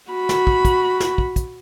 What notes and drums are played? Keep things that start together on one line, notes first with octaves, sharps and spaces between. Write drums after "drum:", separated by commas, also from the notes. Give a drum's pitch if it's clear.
F#4 B5
drum: snare
drum: kick
drum: kick, hi-hat
drum: snare
drum: kick
drum: kick, hi-hat